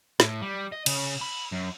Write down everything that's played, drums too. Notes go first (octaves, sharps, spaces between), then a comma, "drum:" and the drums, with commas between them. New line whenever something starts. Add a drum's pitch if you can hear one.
A2, drum: snare
G3
D#5
C#3, drum: cymbal
B5
F#2